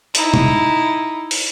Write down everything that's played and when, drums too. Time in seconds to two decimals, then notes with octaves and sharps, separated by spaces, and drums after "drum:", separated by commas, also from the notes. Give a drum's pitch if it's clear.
0.15 D#4 E4, drum: hi-hat
0.34 drum: tom B2
1.31 drum: open hi-hat